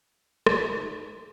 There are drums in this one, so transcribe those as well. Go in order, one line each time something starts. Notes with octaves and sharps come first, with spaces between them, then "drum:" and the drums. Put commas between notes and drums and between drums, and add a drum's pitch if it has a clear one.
drum: rim click
G#2 D#4